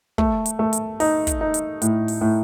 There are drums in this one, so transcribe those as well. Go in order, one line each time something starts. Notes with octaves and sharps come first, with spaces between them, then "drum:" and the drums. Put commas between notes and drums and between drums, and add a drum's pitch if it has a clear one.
A3, drum: kick
drum: hi-hat
A3
drum: hi-hat
D#4, drum: open hi-hat
drum: kick, hi-hat
D#4
drum: hi-hat
A2, drum: hi-hat
drum: open hi-hat
A2